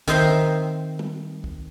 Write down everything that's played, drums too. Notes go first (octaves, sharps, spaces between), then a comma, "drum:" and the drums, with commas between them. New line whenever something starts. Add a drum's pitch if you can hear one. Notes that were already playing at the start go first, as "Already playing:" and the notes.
D#3 C4 D#4 C5 E5 C6, drum: kick
drum: tom G3
drum: kick